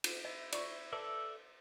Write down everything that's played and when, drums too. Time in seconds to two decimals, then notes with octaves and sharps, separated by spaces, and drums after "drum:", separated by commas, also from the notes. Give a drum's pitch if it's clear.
0.04 drum: cymbal
0.25 E4 D#5
0.52 D5 C#6, drum: cymbal
0.93 A4 B4 D5 E5